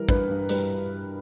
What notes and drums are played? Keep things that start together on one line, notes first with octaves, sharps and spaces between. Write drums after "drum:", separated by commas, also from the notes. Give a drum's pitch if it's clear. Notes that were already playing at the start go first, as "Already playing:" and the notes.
Already playing: E3 G3 A#4
G2 B4, drum: kick
G2
G3 B4, drum: hi-hat